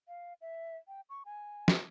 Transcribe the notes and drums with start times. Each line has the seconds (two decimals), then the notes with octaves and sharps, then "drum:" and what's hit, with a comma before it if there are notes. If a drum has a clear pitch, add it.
0.08 F5
0.41 E5
0.88 G5
1.10 C#6
1.26 G#5
1.68 drum: snare